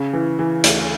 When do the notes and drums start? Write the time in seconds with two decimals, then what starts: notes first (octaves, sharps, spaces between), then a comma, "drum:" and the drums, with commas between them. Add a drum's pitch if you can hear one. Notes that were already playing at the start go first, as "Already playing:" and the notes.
Already playing: C#3
0.14 E3
0.39 E3
0.64 D2, drum: hi-hat